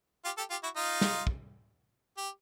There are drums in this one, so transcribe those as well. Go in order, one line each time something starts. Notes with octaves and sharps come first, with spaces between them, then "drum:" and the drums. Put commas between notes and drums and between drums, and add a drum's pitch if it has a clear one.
F4 G4
G4 A4
F4 G4
E4 F#4
D#4 F4
drum: snare
drum: kick
G4